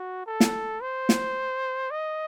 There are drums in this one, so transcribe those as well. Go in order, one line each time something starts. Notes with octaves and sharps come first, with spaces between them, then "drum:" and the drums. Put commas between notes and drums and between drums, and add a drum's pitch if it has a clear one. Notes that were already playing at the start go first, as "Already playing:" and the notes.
Already playing: F#4
A4
drum: snare
C5
drum: snare
D#5